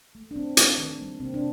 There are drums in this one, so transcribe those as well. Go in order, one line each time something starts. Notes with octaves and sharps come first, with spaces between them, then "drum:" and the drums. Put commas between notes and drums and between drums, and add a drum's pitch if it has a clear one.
A3
D4
D3 C4
A3, drum: hi-hat
D#3
G3 A#3
C3 C4
D4